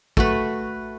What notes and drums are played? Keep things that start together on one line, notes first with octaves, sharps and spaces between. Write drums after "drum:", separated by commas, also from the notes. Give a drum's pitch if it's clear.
A3 F#4 B4, drum: kick